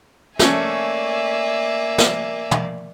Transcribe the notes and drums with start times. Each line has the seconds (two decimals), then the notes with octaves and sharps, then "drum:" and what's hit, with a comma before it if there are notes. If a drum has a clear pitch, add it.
0.39 A3 A#3 C#4 D5 E5 G#5, drum: snare
1.98 drum: snare
2.51 drum: tom